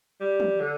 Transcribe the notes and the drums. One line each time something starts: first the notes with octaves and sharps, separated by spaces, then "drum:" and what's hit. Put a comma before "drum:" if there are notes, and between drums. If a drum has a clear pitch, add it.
G3
drum: tom
D3